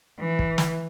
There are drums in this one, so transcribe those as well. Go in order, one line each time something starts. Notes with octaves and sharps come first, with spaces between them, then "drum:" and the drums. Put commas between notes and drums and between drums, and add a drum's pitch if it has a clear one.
E3
drum: kick
drum: snare